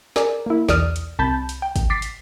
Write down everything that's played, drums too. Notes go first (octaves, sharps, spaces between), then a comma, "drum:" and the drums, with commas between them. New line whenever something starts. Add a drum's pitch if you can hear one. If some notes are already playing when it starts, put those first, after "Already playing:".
G#4 A#4 D5, drum: snare
A#3 E4
B1 E2 D5 D#6 F6, drum: snare
drum: hi-hat
C2 A5 B5 G6
drum: hi-hat
G5
drum: kick, hi-hat
D6 A6 B6 C7
drum: hi-hat